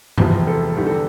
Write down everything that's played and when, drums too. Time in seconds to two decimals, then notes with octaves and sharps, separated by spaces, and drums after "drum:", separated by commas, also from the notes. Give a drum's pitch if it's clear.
0.18 E1 E2 C3 F3, drum: tom G2
0.47 A4
0.77 E2 D3 G3 G4
0.87 A4